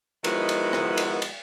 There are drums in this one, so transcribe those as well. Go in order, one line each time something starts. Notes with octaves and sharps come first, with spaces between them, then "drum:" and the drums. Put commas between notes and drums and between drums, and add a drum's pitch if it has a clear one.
D#3 F3 G#3 B3 E4 F#4, drum: cymbal
drum: cymbal
drum: rim click
drum: cymbal
drum: cymbal